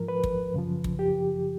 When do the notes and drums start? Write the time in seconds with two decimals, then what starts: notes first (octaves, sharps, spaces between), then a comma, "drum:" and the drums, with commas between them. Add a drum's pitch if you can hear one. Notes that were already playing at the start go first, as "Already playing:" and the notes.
Already playing: G#2 F3 A#4
0.08 B4
0.24 drum: kick
0.54 F#2 C#3 F3
0.84 drum: kick
0.99 G4